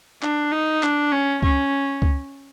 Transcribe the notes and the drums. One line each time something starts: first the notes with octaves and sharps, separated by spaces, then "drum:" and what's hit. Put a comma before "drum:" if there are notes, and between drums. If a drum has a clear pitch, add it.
D4, drum: clap
D#4
D4, drum: clap
C#4
C#4, drum: kick C#2
drum: kick C#2